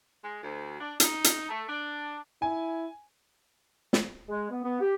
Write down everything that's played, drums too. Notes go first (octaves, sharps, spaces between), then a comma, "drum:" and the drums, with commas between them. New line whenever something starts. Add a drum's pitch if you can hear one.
G#3
D2
D4
D#4, drum: hi-hat
drum: hi-hat
A3
D4
E4 G#5
drum: snare
G#3
B3
B3
G4